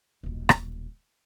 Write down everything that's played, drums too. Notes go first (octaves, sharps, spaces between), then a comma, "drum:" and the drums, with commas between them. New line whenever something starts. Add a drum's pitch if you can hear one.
D#1 B1
drum: rim click